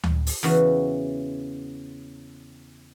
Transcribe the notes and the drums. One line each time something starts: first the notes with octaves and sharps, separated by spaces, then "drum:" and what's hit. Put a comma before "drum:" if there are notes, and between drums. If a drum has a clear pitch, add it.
drum: tom D2
drum: open hi-hat
E2 C#3 E3 F#4